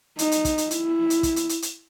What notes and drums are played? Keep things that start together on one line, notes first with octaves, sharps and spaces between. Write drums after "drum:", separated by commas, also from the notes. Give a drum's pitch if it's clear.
D#4, drum: hi-hat
drum: hi-hat
drum: kick, hi-hat
drum: hi-hat
E4, drum: hi-hat
drum: hi-hat
drum: kick, hi-hat
drum: hi-hat
drum: hi-hat
drum: hi-hat